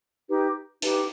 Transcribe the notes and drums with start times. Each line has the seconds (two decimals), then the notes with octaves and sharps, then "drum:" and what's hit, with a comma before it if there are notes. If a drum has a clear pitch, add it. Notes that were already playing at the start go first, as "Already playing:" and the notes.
0.27 D#4 G4 B4
0.82 D#4 G4 B4, drum: hi-hat